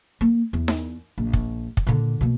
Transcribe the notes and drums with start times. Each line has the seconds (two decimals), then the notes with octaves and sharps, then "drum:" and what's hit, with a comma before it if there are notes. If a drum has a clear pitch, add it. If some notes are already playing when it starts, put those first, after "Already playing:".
0.21 A#3
0.53 E2
0.68 drum: snare D#4
1.18 A#1
1.33 drum: kick
1.77 drum: kick
1.87 A#2 D3
2.21 B2 A#3